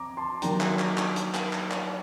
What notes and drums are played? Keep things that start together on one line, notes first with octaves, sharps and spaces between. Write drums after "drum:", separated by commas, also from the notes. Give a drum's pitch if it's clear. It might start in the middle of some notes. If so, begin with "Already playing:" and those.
Already playing: C4 A#5 D6
A5 C6
D#3 F#3 A#3 D4 G5 A#5, drum: hi-hat
drum: clap
drum: clap
drum: clap
drum: hi-hat
drum: clap
drum: clap
drum: clap